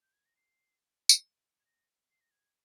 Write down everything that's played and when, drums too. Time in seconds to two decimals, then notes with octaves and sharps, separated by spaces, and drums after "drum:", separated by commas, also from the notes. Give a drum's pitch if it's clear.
0.02 G6
0.13 G#6
0.25 A#6
0.36 C7
1.09 drum: tambourine
1.60 G#6
1.66 A#6
2.11 C7
2.21 A#6
2.31 G#6